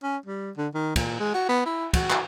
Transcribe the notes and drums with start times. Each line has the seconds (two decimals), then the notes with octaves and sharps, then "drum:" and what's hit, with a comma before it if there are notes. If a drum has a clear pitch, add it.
0.03 C#4
0.26 G3
0.58 D3
0.74 D#3
0.96 A#2, drum: kick, cymbal
1.20 G#3
1.35 F#4
1.49 B3
1.66 E4
1.93 F#4, drum: kick, cymbal
2.10 drum: clap